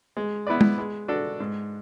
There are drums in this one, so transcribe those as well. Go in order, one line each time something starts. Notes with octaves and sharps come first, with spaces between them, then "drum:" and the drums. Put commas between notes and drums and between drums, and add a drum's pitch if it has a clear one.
G#3
B3 E4 B4 D5
drum: tom G#3
G#3
D4 F#4 A4
G#2